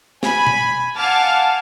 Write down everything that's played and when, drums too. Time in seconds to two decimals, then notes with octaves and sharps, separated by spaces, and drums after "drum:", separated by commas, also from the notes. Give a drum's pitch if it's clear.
0.23 G#5 B5, drum: snare
0.47 drum: tom B2
0.97 F5 F#5 G#5 A5 D6 F6